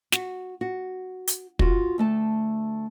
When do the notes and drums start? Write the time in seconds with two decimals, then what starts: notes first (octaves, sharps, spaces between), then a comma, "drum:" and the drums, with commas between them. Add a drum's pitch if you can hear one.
0.12 F#4, drum: snare
0.61 F#4
1.27 drum: hi-hat
1.59 F4 F#4, drum: kick
1.98 D2 A3 A5